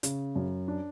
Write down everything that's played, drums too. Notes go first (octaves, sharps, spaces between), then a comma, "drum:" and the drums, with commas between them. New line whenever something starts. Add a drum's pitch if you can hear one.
C#3, drum: hi-hat
F#2
D4